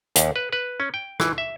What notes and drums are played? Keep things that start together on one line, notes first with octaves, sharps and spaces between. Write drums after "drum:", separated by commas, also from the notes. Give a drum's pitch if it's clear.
D#2, drum: hi-hat
B4
B4
C#4
G5
E3, drum: rim click
E5